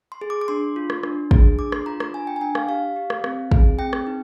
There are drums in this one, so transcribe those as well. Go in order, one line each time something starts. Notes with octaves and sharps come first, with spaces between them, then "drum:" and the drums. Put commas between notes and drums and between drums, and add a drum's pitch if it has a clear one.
C6
G#4
D6
D6
D4 C6
F4
drum: rim click
D4, drum: rim click
G#4, drum: kick
D4 D6
C6, drum: rim click
F4 A#5
A#5, drum: rim click
D4 G#5
G5
G#5
D4 G5
F5, drum: rim click
G4 F5
G4
drum: rim click
C4, drum: rim click
G#4, drum: kick
C4 G5
drum: rim click
D#4